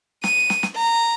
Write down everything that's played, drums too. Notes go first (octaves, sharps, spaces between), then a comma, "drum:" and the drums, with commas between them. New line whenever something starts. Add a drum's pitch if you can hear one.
D#7, drum: snare
drum: snare
drum: snare
A#5